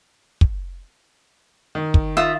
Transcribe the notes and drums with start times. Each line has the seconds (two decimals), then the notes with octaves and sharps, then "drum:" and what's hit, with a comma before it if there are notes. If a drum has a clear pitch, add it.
0.41 drum: kick
1.75 D#3
1.94 drum: kick
2.17 F4 E5 D#6